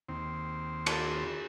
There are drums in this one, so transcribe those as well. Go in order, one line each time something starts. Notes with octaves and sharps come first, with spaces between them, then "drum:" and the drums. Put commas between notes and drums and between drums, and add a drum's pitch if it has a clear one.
D#2 C4
drum: cymbal